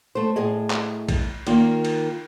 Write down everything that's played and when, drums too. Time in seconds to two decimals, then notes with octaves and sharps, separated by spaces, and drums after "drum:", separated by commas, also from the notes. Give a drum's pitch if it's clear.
0.15 A3 C5
0.36 A2 G#4 D#5
0.70 drum: clap
1.09 drum: kick A#1, cymbal
1.47 D#3 A#3 F4, drum: cymbal
1.85 drum: cymbal